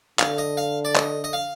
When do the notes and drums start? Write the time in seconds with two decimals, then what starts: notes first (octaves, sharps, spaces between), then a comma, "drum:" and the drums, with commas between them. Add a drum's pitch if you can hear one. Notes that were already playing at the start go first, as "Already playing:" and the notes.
0.19 D3 F5, drum: clap
0.38 D#5
0.57 F5
0.85 D5
0.95 D#5, drum: clap
1.24 D#5
1.33 F5